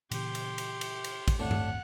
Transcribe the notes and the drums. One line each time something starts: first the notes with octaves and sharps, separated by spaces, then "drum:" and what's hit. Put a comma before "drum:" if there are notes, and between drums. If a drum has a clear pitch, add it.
A#2 C#3 E3 G4 C6, drum: cymbal
drum: cymbal
drum: cymbal
drum: cymbal
drum: cymbal
drum: kick, cymbal
G1 D#2 A2 C4 D4 F#5
drum: tom G2